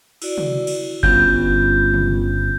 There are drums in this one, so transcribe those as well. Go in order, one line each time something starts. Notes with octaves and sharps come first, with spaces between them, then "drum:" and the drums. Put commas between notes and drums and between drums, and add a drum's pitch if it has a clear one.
E4 F#4 D5, drum: cymbal
drum: tom
drum: cymbal
G1 G2 B3 C#4 F4 G6, drum: kick F#1
drum: tom